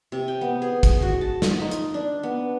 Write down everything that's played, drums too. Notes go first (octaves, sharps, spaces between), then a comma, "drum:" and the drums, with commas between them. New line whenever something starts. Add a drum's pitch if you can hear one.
C3
G5
B3
G#4
drum: kick, hi-hat
F#4
A5
F4, drum: snare
D#4
drum: hi-hat
D4
B3